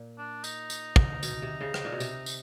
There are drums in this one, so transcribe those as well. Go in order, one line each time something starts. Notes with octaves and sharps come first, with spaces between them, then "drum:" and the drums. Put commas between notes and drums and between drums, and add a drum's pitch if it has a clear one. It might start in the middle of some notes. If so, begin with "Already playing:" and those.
Already playing: A#2
D4
D#4, drum: tambourine
drum: tambourine
drum: kick
B2, drum: tambourine
C3
C#3
drum: rim click
A#2
B2
C3, drum: tambourine
drum: tambourine